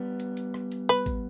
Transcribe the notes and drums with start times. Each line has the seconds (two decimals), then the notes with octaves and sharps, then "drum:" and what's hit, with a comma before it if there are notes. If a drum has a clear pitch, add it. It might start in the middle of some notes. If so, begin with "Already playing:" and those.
Already playing: G3 B3
0.20 drum: hi-hat
0.37 drum: hi-hat
0.54 drum: rim click
0.72 drum: hi-hat
0.89 B4, drum: tom
1.06 drum: kick, hi-hat